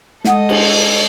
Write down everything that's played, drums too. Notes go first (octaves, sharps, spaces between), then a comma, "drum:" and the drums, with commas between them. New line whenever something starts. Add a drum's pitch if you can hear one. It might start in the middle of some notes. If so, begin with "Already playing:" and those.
G#3 A4 D#5 F#5 D#6, drum: snare
drum: cymbal